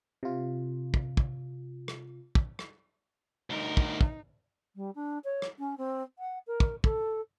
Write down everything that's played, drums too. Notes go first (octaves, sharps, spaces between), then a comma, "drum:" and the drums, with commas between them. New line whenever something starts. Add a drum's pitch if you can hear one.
C3 F4
drum: kick
drum: kick
drum: rim click
drum: kick
drum: rim click
D2 D#4 A#4
drum: kick
drum: kick
G3
D4
C#5
drum: rim click
C#4
C4
F#5
A#4
drum: kick
A4, drum: kick